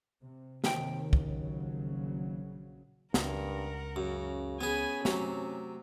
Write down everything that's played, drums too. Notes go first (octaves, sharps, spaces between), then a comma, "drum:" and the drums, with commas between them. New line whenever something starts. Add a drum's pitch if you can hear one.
C3
D#2 C3 D#3 G5, drum: snare
A#1 C#3 F#3, drum: kick
C#2 G2 A#4 F#5, drum: snare
F#2 C#3
B3 C#4 G#4 G#5 B5
C3 F#3 A3, drum: snare